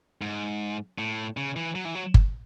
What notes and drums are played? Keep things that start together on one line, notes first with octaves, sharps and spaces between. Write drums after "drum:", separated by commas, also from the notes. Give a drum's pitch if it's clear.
G#2
A2
C#3
E3
F#3
E3
F#3
drum: kick G1